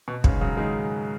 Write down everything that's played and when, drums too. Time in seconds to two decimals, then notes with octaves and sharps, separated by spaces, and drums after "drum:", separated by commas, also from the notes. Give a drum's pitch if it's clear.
0.08 B2
0.24 G#2 C#3, drum: kick
0.41 C#3 F#3
0.57 D#3 G#3